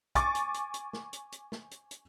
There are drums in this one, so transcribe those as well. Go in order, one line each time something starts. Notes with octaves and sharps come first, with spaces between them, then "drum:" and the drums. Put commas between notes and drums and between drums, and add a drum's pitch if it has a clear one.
G#5 C#6 D6 A6, drum: kick, hi-hat
drum: hi-hat
drum: hi-hat
drum: hi-hat
drum: snare
drum: hi-hat
drum: hi-hat
drum: snare
drum: hi-hat
drum: hi-hat